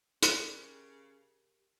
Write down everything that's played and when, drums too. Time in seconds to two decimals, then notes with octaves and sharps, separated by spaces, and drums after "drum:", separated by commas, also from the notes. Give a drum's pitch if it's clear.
0.23 C#3 G4 A#4 D5, drum: hi-hat